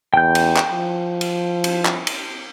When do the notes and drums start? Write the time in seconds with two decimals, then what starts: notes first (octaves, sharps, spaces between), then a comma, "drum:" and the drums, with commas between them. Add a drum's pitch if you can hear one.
0.14 E2 G5 G6
0.35 drum: cymbal
0.57 drum: clap
0.71 F3
1.21 drum: cymbal
1.64 drum: cymbal
1.85 drum: clap
2.07 drum: cymbal